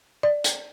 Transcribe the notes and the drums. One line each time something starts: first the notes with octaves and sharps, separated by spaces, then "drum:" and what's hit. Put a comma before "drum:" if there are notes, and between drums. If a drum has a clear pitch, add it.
D5
drum: hi-hat